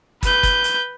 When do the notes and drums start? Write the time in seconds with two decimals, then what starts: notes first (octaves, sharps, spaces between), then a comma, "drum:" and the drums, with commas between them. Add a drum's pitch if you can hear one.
0.23 B4 G6, drum: kick, hi-hat
0.43 drum: kick, hi-hat
0.64 drum: hi-hat